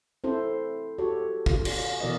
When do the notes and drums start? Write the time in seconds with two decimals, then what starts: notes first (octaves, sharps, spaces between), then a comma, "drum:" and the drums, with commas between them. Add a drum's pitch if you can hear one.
0.24 C4 E4 A4 C5
0.98 F#4 G4 A4 C#5
1.46 F4, drum: kick
1.65 drum: cymbal
2.00 B2 E3 A#4 D5 D#5